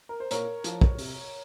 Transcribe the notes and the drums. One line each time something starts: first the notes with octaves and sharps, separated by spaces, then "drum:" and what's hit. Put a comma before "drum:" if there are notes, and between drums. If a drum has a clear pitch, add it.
A#4
C5
A#2 A#4 C#5, drum: hi-hat
F3, drum: hi-hat
drum: kick
C3, drum: open hi-hat